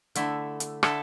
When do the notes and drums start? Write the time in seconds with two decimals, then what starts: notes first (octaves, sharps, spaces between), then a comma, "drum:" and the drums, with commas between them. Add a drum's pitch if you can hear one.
0.15 D3 A3 E4, drum: hi-hat
0.60 drum: hi-hat
0.83 D3 A3 E4 A4, drum: rim click